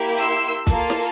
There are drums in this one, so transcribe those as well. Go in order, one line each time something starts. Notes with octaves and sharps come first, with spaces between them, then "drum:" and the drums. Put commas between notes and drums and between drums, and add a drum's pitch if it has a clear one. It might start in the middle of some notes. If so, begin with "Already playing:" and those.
Already playing: A#3 E4 G4
C6 E6
A#3 F4 A4, drum: kick, hi-hat
drum: snare